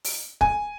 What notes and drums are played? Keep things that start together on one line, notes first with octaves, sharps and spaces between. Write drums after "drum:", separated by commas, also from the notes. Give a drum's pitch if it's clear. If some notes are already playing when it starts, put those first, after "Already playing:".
drum: open hi-hat
G#5, drum: kick D1